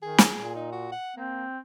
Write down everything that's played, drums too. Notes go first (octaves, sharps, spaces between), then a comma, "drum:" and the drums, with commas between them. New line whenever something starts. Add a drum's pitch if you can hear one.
D#3 G#4
drum: snare
A#2
D#4
F#4
F#5
A#3 C4